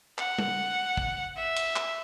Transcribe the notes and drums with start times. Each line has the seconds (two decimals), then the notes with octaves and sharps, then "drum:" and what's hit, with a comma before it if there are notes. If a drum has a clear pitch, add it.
0.18 F#5, drum: clap
0.38 drum: tom G3
0.97 drum: kick
1.37 E5
1.56 drum: cymbal
1.76 drum: clap